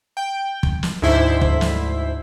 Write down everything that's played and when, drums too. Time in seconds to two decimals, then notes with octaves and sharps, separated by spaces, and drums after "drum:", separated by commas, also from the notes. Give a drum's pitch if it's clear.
0.17 G5
0.63 drum: kick
0.83 drum: snare
1.02 D2 G#2 E4 C5 B6
1.41 drum: kick
1.61 drum: snare